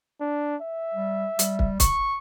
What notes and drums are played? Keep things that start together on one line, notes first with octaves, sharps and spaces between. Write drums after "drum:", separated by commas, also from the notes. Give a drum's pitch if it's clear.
D4
E5
G3
G3, drum: hi-hat
drum: kick
C#6, drum: kick, hi-hat